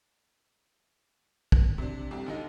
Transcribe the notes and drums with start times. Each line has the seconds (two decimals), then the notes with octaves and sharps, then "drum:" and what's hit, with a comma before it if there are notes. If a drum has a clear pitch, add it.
1.52 drum: kick
1.78 C3 D4
2.11 C2 F2 G4
2.26 D#2 D3 D#4